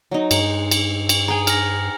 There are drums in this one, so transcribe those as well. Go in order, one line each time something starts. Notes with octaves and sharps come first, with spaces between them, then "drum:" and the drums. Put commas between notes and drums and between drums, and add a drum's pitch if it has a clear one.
F#3 D#4
G2 G#3, drum: cymbal
drum: cymbal
drum: cymbal
G#4 G5 G#5 A#5
F6 A#6, drum: cymbal